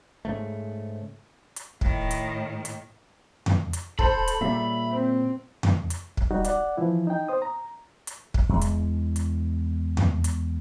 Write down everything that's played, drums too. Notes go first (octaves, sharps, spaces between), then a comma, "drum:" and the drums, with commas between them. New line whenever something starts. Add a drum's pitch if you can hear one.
G#2 C#3 A3
drum: hi-hat
A2 D#3, drum: kick
drum: hi-hat
drum: hi-hat
drum: tom F2
drum: hi-hat
A4 C5 B5, drum: kick
drum: hi-hat
A#2 C#3 G3 E5
C4
drum: tom F2
drum: hi-hat
drum: kick
G3 D#4 F#4
D5 F#5, drum: hi-hat
E3 F3 E4
D#4 G5
C5 D#6
A#5
drum: hi-hat
drum: kick
E2 G#3
drum: hi-hat
drum: hi-hat
drum: tom F2
drum: hi-hat